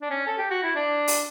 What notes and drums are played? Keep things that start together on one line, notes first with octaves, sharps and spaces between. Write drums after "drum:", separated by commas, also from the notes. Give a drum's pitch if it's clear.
D4
C#4
A4
G4
F#4
E4
D4
drum: open hi-hat